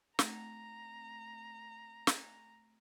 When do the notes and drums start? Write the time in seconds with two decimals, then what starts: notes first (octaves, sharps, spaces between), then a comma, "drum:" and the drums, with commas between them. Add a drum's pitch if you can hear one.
0.19 A3 C4 A#5, drum: snare
2.07 drum: snare